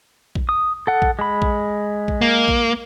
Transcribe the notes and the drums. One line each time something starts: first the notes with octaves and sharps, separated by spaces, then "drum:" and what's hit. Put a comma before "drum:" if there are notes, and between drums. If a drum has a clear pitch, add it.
drum: kick A#1
D#6
A4 F#5
drum: kick A#1
G#3 B5
drum: kick A#1
drum: kick A#1
A#3
drum: kick A#1